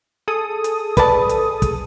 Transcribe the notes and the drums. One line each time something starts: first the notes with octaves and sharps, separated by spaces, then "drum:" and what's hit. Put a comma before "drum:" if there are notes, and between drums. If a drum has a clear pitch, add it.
G#4 A4 D#6
drum: hi-hat
B4 D5 A5, drum: kick, hi-hat
drum: hi-hat
drum: kick, hi-hat